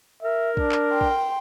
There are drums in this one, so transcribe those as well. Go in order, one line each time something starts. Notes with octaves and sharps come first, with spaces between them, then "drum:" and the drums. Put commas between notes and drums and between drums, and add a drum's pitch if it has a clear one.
A#4 E5
D4, drum: kick
drum: clap
G5 C6
drum: kick